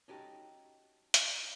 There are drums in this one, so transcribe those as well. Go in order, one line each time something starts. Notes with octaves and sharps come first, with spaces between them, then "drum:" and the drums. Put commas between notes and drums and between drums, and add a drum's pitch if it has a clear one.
C#4 D#4 F#4 G4 A4
drum: hi-hat